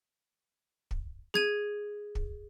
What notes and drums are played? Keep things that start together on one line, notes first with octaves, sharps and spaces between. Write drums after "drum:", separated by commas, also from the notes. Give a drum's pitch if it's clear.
drum: kick
G#4 G#6 D#7, drum: snare
drum: kick